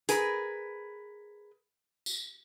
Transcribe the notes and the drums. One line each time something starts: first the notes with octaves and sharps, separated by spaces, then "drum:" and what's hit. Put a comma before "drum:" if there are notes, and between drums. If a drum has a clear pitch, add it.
G#4 A#4 B4, drum: hi-hat
drum: tambourine